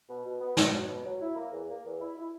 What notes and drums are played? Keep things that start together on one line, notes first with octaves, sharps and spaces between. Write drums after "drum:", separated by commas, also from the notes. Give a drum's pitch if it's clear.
B2
B2
B3
B2, drum: snare
F#3
B2
F#3
E4
A#3
E2
A#3
E2
E4
E4